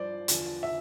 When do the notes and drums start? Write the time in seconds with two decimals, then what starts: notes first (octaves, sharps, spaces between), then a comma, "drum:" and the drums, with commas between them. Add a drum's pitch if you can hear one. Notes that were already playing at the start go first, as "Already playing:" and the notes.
Already playing: G2 F3 C5 D5
0.28 E2 D3 F3, drum: hi-hat
0.63 E5